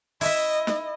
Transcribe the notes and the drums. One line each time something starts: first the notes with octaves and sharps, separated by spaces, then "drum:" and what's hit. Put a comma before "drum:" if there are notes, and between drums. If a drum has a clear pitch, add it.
E4 D#5 E5, drum: open hi-hat
drum: snare